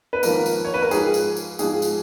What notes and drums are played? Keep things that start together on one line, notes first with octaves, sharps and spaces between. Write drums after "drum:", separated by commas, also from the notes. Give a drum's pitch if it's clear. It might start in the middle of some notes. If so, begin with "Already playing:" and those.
B4
G#1 G#2 F3 A#3 A#4, drum: tambourine
drum: tambourine
C#5
B4
A#4
G#2 F3 G#3 G#4, drum: tambourine
drum: tambourine
drum: tambourine
G#2 F3 G#3 G#4, drum: tambourine
drum: tambourine